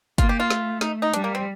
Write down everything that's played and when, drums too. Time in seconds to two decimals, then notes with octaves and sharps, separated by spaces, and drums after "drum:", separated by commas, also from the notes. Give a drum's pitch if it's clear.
0.18 A#3 F4, drum: kick, hi-hat
0.29 G4
0.40 F4
0.50 A3, drum: snare
0.81 D#4, drum: snare
1.02 D#4
1.14 G3 D4, drum: hi-hat
1.24 A#3
1.35 C4